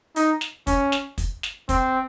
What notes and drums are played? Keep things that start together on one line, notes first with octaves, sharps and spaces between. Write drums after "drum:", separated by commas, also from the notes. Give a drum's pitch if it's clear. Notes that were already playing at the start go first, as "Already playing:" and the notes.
D#4, drum: hi-hat
drum: snare
C#4, drum: kick, hi-hat
drum: snare
drum: kick, hi-hat
drum: snare
C4, drum: kick, hi-hat